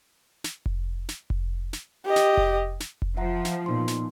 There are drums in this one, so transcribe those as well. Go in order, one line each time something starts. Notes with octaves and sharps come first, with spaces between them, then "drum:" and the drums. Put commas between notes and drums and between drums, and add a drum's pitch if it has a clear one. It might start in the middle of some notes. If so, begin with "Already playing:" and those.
drum: snare
drum: kick F1
drum: snare
drum: kick F1
drum: snare
G4 D#5
drum: snare
drum: kick F1
drum: snare
drum: kick F1
F3 E5 F#5 A#5
drum: snare
A#2 B3 D#4 C6
drum: snare